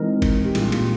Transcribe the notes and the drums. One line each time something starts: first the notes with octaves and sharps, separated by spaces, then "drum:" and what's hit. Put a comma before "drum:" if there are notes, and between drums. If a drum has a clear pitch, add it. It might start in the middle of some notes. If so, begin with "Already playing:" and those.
Already playing: E3 G#3 C4 D#4 A#4
drum: kick G#1, cymbal
G4
A#2 G3 A#3 D4 F4 G#4, drum: cymbal
drum: cymbal